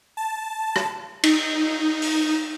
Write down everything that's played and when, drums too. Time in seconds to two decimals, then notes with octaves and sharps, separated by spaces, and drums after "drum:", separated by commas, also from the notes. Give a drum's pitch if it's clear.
0.17 A5
0.76 drum: rim click
1.23 D#4, drum: cymbal
2.02 drum: open hi-hat